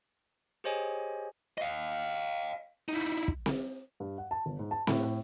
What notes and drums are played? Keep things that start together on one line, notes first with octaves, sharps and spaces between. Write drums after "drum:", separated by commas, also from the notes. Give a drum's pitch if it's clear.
G4 G#4 C5 C#5 D#5 G#5
D#5 F5
D#4 E4
drum: kick
drum: snare C4
G2
F#5
A5
G1
G#2
A5
A2, drum: snare C4
A2